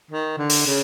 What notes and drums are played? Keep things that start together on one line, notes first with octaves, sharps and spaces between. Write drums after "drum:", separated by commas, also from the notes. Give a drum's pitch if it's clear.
D#3
D3
drum: open hi-hat
C#3